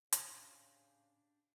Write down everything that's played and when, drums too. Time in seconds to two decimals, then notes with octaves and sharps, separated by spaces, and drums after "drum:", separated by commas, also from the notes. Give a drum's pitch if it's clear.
0.13 A2 C#3 C#4 D4 G4 C5 A5, drum: hi-hat